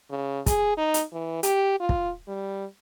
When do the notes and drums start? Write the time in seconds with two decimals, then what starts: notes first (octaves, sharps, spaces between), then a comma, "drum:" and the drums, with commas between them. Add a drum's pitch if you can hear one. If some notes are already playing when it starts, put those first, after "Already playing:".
0.10 C#3
0.46 G#4, drum: kick, hi-hat
0.77 D#4
0.94 drum: hi-hat
1.13 E3
1.43 G4, drum: hi-hat
1.80 F4
1.89 drum: kick
2.28 G3